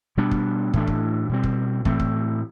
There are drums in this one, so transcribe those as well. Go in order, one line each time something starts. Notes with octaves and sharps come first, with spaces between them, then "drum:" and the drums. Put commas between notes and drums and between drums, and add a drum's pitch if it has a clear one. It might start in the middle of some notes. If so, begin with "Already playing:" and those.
B2 G3 B3 D4
drum: kick
A2 E3 A3 D4, drum: kick
drum: kick
B2 G3 C4
drum: kick
A2 E3 A3 C4, drum: kick
drum: kick